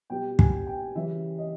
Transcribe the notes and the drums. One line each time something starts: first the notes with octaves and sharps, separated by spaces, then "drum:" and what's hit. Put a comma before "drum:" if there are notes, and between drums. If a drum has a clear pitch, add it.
B2 G3 G5
G#5, drum: kick
G5
C#3 E3 G3 E5
D#5